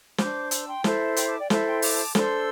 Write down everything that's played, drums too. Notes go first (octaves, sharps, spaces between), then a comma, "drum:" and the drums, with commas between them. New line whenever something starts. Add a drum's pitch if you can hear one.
D4 C5 D6 G6, drum: snare
C6 E6, drum: hi-hat
G5 C6
E4 A4 C5 E5 A5, drum: snare
E5 A5
G5 C6, drum: hi-hat
A5 D6
D5 G5
E4 A4 C5 E5 A5, drum: snare
G5 C6
A5 D6, drum: open hi-hat
D4 A4 C5 C6 E6, drum: snare